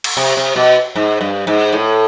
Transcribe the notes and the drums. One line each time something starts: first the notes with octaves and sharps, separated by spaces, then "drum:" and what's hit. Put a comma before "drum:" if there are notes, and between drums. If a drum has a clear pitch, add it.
drum: cymbal
C3
C3
B2
G#2
G2
G#2
A2